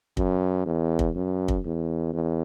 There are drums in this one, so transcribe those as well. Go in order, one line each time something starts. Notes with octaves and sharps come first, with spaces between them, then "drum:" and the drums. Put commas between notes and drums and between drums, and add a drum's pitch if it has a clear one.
F#2, drum: kick
E2
drum: kick
F#2
drum: kick
E2
E2